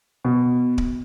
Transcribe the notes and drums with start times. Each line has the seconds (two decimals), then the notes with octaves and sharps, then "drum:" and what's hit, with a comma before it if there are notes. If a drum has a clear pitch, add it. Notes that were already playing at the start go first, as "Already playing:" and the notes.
0.25 B2
0.78 drum: kick D1